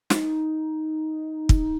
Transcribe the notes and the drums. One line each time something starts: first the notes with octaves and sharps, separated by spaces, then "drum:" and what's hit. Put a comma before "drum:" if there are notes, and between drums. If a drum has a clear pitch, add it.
E4, drum: snare
D#4
drum: kick